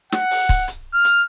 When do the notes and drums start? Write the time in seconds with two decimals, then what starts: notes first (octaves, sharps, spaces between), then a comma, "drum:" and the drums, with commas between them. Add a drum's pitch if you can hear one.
0.12 F#5, drum: snare
0.31 drum: open hi-hat
0.49 drum: kick C#1, hi-hat
0.68 drum: hi-hat
0.94 F6
1.05 drum: hi-hat